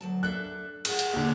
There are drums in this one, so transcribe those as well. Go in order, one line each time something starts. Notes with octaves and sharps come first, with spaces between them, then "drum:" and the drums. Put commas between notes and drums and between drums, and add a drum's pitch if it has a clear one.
D2 F#3 A5
D4 A4 E5 F#6
G#4 E5 F#5, drum: cymbal
drum: hi-hat
D#2 D3